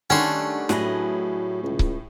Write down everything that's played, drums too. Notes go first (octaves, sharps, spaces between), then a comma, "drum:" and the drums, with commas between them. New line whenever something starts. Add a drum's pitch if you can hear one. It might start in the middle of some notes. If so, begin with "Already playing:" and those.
D#3 G3 A3 C#4 D4 F#5 C6
A2 F#3 G#4 B4 D#5, drum: snare
C#2
drum: kick C#1